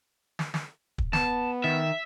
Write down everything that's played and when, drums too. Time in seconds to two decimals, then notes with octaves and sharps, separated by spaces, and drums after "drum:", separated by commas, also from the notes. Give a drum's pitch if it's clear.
0.39 drum: snare
0.54 drum: snare
0.98 drum: kick
1.13 B3 A5, drum: snare
1.64 D#3 E5